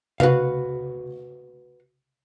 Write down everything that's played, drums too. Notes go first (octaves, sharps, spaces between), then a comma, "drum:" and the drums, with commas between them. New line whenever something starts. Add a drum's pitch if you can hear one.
F#4 B4 F5, drum: tom C3